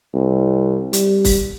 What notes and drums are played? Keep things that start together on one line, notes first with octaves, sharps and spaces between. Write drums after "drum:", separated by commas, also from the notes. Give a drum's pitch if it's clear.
C2
G3, drum: hi-hat
drum: kick, open hi-hat